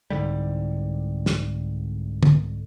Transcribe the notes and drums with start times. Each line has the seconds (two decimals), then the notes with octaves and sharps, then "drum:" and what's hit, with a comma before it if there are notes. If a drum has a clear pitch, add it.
0.10 C2 G#2 D3 G3
1.26 drum: snare
2.23 drum: tom